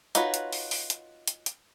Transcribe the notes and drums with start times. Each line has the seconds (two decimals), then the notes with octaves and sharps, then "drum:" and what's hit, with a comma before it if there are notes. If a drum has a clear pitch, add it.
0.15 D#4 F4 F#4 B4 C#5, drum: hi-hat
0.34 drum: hi-hat
0.52 drum: open hi-hat
0.71 drum: open hi-hat
0.90 drum: hi-hat
1.28 drum: hi-hat
1.46 drum: hi-hat